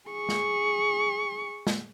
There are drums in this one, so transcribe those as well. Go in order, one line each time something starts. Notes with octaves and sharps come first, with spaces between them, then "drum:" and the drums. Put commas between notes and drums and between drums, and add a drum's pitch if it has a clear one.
G#4 C#6
drum: snare
drum: snare